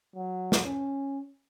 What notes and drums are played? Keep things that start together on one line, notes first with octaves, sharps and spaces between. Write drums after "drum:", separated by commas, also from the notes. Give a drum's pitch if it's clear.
F#3
drum: snare
C#4